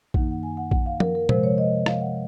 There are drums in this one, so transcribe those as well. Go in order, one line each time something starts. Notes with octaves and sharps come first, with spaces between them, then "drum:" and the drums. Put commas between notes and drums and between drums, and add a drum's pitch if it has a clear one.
F#2 D#3 A#3 D#4 F#5, drum: kick A#1
F#5
G#5
F#5
F#5, drum: kick A#1
F5
A#4, drum: tom F3
A#4
C3 F3 G#3 C5, drum: tom
C#5
D#5
F5, drum: rim click
F#5